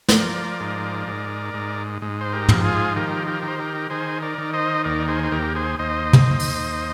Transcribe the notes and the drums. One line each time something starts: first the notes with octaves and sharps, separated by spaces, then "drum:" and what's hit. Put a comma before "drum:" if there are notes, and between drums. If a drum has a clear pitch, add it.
C5, drum: snare
F3 A#4 D5
G#2
G#2
G#2
G#2
C5
G4 A#4
F3, drum: tom
F4 G#4
D#3 G4 A#4
G4 A#4
D#3
C5
G4 A#4
D#3 G#4 C5
A#4 D5
D#3
C5 D#5
D#2 A#4 D5
G#4 C5
C5
D#2 G4 A#4
G#4 C5
D#2 C5 D#5
drum: tom
D#2
drum: open hi-hat